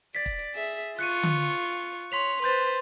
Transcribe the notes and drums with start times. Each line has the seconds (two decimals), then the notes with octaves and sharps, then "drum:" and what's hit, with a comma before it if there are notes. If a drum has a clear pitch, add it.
0.15 D5 A6 B6
0.26 drum: kick
0.54 G#4 E5
0.99 F4 C#6 F#6 C#7 D#7
1.23 drum: tom D3
2.12 C#5 C6 B6 F7
2.42 B4 C5 C6 G6 A6